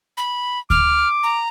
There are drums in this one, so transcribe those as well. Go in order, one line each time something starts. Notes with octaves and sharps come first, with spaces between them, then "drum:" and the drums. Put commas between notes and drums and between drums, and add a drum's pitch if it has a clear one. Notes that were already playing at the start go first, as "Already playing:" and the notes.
B5
D6 F6, drum: kick D2
A#5